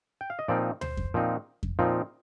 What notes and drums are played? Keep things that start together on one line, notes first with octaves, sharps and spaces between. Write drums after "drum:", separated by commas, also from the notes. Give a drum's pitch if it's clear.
G5
F5
D#5
A#2 F3 C4 D#4 D5
C5, drum: tom D2
drum: kick F2
A#2 F3 C4 D#4
drum: kick F2
A#2 F3 C4 D#4